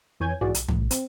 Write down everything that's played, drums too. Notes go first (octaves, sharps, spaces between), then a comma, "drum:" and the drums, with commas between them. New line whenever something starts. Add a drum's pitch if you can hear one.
F2 E3 C#5 G#5 G6 G#6
B1 G#2 E3 F#4 G#4 D5
B1, drum: hi-hat
C2 A2, drum: tom
C4, drum: hi-hat